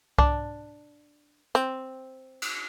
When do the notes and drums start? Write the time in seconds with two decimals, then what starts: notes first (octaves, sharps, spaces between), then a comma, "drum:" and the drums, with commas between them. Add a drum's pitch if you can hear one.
0.18 D4, drum: kick C2
1.55 C4, drum: hi-hat
2.42 drum: cymbal